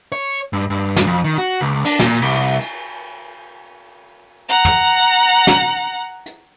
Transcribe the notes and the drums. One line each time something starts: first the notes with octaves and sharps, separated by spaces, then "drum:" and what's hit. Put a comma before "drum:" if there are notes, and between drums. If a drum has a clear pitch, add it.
C#5
G2
G2
drum: snare
F2
D#3
F#4
C#2
D4, drum: cymbal
A#2, drum: snare
C2, drum: cymbal
drum: hi-hat
F#5 A#5
drum: tom
drum: snare
drum: hi-hat